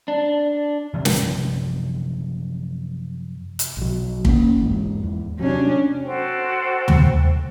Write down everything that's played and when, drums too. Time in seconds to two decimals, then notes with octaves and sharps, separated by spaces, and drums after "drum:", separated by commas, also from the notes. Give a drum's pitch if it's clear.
0.08 D4
0.93 F#2 C3 E3 F3
1.05 drum: snare
3.59 drum: hi-hat
3.77 B1 F#3
4.25 A#3 C#4, drum: kick
4.60 E2 G#2
5.03 E2
5.40 C3 F#3 C#4 D4
6.04 F#4 A4 C5 G5
6.88 drum: tom